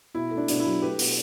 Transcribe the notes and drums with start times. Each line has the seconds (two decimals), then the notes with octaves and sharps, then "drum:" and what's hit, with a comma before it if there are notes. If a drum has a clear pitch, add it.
0.15 B2 E4
0.31 A3
0.37 D4
0.48 B2 D4, drum: hi-hat
0.60 E4
0.65 F#3
0.82 A3 G4 B4
0.99 B2, drum: open hi-hat